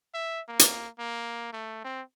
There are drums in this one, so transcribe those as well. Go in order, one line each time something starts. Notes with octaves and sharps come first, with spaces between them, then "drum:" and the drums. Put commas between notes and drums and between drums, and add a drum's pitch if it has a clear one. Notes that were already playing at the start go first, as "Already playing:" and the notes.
E5
A#3
drum: hi-hat
A#3
A3
C4